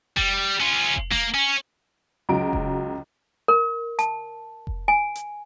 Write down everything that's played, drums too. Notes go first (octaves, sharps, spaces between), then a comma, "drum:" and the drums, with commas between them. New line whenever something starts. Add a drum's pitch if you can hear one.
G3, drum: kick F1
C#4 F4
drum: kick F1
A#3, drum: snare E1
C#4
C#2 F#3 A#5 D7
drum: kick F1
A#4
A5, drum: hi-hat
drum: kick F1
G#5
drum: hi-hat